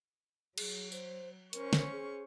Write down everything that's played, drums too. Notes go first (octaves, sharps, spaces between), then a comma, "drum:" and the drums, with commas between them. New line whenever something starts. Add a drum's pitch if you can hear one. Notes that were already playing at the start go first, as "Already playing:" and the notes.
F#3 G#4, drum: cymbal
C5, drum: tambourine
C#4 A#4 C5 C#6, drum: hi-hat
drum: snare
G#4